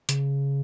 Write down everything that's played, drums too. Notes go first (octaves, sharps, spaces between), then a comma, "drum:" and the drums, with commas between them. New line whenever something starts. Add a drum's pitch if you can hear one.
C#3, drum: hi-hat